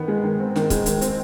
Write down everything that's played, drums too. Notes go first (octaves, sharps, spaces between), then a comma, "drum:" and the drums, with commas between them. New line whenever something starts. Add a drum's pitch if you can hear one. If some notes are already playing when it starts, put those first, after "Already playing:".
Already playing: D#3 B3
G#3
D#3
C4
D#3, drum: snare
G#3, drum: kick, hi-hat
D#3, drum: hi-hat
C4, drum: hi-hat